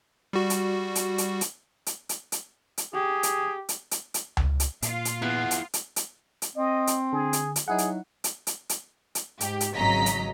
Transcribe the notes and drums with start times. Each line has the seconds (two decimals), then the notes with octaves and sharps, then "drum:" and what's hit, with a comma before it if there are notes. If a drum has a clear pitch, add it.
0.33 G3 F#4
0.50 drum: hi-hat
0.95 drum: hi-hat
1.18 drum: hi-hat
1.41 drum: hi-hat
1.86 drum: hi-hat
2.09 drum: hi-hat
2.32 drum: hi-hat
2.78 drum: hi-hat
2.94 G4 G#4
3.23 drum: hi-hat
3.69 drum: hi-hat
3.91 drum: hi-hat
4.14 drum: hi-hat
4.37 drum: tom C#2
4.60 drum: hi-hat
4.82 A#2 F4 F5, drum: hi-hat
5.05 drum: hi-hat
5.22 B3 E4 G#4
5.51 drum: hi-hat
5.73 drum: hi-hat
5.96 drum: hi-hat
6.42 drum: hi-hat
6.56 C4 D#5
6.87 drum: hi-hat
7.13 D3 G#4
7.33 drum: hi-hat
7.56 drum: hi-hat
7.68 F#3 D#4 E4 G#4 F#5
7.78 drum: hi-hat
8.24 drum: hi-hat
8.47 drum: hi-hat
8.69 drum: hi-hat
9.15 drum: hi-hat
9.40 G#2 G4, drum: hi-hat
9.61 drum: hi-hat
9.75 G#1 C#3 F#3 D#5 A#5 B6
10.06 drum: hi-hat